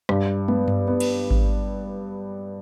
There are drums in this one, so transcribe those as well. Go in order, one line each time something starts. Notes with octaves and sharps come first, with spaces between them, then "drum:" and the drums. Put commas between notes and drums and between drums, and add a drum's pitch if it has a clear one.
G2, drum: rim click
B3, drum: tom
drum: tom G2
B3
drum: cymbal
drum: kick G#1